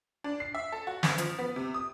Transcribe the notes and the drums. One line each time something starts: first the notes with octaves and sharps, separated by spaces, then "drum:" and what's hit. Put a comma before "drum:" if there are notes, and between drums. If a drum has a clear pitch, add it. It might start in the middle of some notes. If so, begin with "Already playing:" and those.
D4
C7
E5
A4
F#4
F#1, drum: snare
F3, drum: hi-hat
B3
C3
D#6